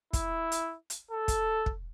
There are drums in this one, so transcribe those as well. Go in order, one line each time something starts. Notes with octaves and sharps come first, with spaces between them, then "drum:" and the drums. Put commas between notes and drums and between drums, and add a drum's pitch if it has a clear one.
E4, drum: kick, hi-hat
drum: hi-hat
drum: hi-hat
A4
drum: kick, hi-hat
drum: kick